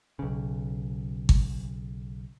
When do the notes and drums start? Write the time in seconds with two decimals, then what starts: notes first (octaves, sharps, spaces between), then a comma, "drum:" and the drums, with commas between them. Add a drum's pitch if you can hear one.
0.19 B1 C#3
1.29 drum: kick G#1